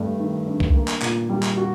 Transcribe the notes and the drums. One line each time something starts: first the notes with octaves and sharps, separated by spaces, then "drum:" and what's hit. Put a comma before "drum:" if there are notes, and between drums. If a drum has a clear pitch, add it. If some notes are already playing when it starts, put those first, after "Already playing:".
Already playing: G2 A3
D#3
D4
drum: kick C2
A#3
drum: clap
A#2, drum: clap
G3
drum: clap
F#4